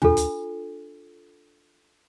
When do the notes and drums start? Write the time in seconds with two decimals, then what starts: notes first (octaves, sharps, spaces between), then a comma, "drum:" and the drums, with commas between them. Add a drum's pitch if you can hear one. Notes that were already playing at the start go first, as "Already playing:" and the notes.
0.02 D4 F4 A4, drum: tom
0.17 drum: hi-hat